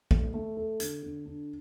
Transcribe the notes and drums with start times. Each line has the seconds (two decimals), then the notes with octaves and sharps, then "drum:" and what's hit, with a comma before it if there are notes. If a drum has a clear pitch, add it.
0.11 A3, drum: kick
0.34 A3
0.57 A4
0.80 D3, drum: hi-hat
1.03 D3
1.26 D4